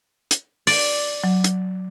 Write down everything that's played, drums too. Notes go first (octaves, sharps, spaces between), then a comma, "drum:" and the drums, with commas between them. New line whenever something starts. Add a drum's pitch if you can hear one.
drum: hi-hat
D5, drum: open hi-hat
F#3
drum: hi-hat